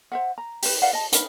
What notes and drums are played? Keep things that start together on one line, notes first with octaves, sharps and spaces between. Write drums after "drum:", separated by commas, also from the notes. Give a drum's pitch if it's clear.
C5 E5 F#5
A#5
G4 B4, drum: open hi-hat
B4 D5 F5 F#5
D#5 A5
D#4 A#4 B4, drum: hi-hat